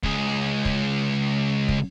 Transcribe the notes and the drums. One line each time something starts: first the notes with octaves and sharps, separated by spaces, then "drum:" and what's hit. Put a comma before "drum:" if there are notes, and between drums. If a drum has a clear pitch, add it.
C#2 G#4, drum: kick
drum: kick
drum: kick